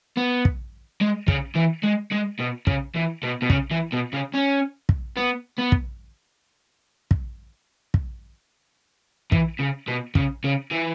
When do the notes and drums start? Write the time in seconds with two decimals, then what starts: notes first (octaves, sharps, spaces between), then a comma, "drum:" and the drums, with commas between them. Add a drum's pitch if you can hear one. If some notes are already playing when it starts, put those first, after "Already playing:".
0.17 B3
0.45 drum: kick
1.01 G#3
1.28 C#3, drum: kick
1.56 E3
1.84 G#3
2.12 G#3
2.40 B2
2.67 C#3, drum: kick
2.95 E3
3.23 B2
3.42 B2
3.50 C#3, drum: kick
3.71 E3
3.92 B2
4.13 C#3
4.34 C#4
4.89 drum: kick
5.17 B3
5.59 B3
5.72 drum: kick
7.11 drum: kick
7.94 drum: kick
9.32 E3, drum: kick
9.60 C#3
9.88 B2
10.15 C#3, drum: kick
10.44 C#3
10.71 E3